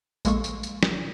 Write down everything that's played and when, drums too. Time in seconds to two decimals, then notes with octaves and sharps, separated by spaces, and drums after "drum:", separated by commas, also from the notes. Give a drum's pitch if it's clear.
0.25 A#1 G#3 A#3 A4 C#6, drum: tambourine
0.44 drum: tambourine
0.63 drum: tambourine
0.83 drum: snare